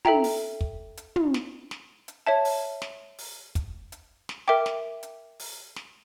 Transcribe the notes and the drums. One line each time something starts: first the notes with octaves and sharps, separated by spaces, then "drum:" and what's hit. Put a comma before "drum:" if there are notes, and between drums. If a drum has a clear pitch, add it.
A4 E5 G5 A#5, drum: tom
drum: open hi-hat
drum: kick
drum: hi-hat
drum: tom
drum: snare
drum: snare
drum: hi-hat
C#5 E5 A5
drum: open hi-hat
drum: snare
drum: open hi-hat
drum: kick, hi-hat
drum: hi-hat
drum: snare
A#4 E5 G5 D6
drum: snare
drum: hi-hat
drum: open hi-hat
drum: snare